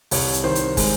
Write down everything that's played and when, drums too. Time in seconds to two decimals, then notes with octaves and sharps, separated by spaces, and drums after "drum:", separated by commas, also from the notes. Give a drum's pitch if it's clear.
0.11 C2 C#5, drum: open hi-hat
0.34 drum: hi-hat
0.44 D#3 C5
0.55 drum: hi-hat
0.77 G#3, drum: kick, open hi-hat